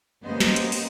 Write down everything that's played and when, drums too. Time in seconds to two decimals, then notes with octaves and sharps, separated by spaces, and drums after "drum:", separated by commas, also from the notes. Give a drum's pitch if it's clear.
0.25 A#3 B3 C#4 G4 C5 D#5
0.40 drum: snare
0.56 drum: hi-hat
0.72 drum: open hi-hat